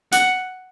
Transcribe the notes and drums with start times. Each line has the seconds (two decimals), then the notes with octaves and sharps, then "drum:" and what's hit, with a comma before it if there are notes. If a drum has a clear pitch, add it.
0.12 F#5, drum: hi-hat